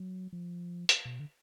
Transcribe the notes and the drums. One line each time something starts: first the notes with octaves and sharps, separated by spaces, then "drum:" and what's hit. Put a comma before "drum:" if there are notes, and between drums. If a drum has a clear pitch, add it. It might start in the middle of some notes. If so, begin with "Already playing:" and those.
Already playing: F#3
F3
drum: hi-hat
B2
D3